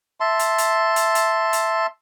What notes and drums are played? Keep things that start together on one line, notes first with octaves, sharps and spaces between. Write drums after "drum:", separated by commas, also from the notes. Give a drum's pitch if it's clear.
E5 A5 C6
drum: hi-hat
drum: hi-hat
drum: hi-hat
drum: hi-hat
drum: hi-hat